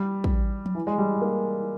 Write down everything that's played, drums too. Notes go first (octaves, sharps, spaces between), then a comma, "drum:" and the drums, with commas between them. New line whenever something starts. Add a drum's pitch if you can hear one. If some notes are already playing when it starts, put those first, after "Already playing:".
Already playing: G3
drum: kick
drum: tom F3
E3
G#3
G3
A#3